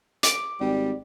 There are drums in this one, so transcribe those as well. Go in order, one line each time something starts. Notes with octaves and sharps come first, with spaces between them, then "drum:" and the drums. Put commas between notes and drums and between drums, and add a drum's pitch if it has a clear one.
D6, drum: hi-hat
G#1 G3 D5